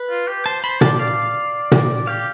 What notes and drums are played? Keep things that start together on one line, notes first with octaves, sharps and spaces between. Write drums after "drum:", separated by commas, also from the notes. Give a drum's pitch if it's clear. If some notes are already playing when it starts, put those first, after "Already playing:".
Already playing: B4
F4
G4
C5 A5
C5 B5
D5 A5, drum: tom A#2
D5 F5
drum: tom A#2
G4 F5